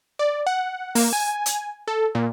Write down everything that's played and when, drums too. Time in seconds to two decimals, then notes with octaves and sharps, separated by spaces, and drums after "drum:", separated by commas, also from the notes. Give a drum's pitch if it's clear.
0.19 D5
0.47 F#5
0.95 A#3, drum: open hi-hat
1.13 G#5
1.46 drum: hi-hat
1.88 A4
2.15 A#2